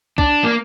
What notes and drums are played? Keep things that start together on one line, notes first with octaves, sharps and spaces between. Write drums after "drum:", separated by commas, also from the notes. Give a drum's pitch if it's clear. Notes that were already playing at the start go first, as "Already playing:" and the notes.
D4, drum: kick
A#3